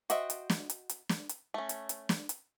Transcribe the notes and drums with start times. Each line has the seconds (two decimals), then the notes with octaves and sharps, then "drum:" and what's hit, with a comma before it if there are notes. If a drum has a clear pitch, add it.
0.10 F#4 C5 D#5 E5 G5, drum: hi-hat
0.30 drum: hi-hat
0.50 drum: snare
0.70 drum: hi-hat
0.89 drum: hi-hat
1.09 drum: snare
1.29 drum: hi-hat
1.54 A3 C#4
1.69 drum: hi-hat
1.89 drum: hi-hat
2.09 drum: snare
2.29 drum: hi-hat